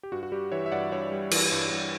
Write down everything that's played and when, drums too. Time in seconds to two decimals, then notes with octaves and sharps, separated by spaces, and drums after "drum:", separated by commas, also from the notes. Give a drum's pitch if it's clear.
0.03 G4
0.12 G2 F#4
0.23 F#4
0.32 G3 G4
0.52 E3 C#5 E5
0.66 E5
0.71 G2 D5 F#5
0.92 G2 C#5 E5
1.12 G3
1.31 E3, drum: cymbal
1.52 G2
1.72 G2